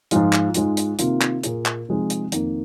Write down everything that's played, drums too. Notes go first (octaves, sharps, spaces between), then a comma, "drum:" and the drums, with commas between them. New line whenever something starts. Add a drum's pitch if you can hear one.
G#2 F3 G#3 F4, drum: hi-hat
drum: clap
G#2 G#3 F4, drum: hi-hat
drum: hi-hat
C3 D#3 A#3 F4, drum: hi-hat
drum: clap
A#2 A#3 F4 G#4, drum: hi-hat
drum: clap
C3 F3 G#3 D#4 G#4
drum: hi-hat
F2 D#3 A#3, drum: hi-hat